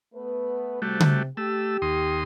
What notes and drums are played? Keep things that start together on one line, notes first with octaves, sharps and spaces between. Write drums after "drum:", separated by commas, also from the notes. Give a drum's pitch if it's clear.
A3 B3 B4
C3 G3 A3 F#4
drum: tom C#3
A3 G4 E6
D#2 C6 D#6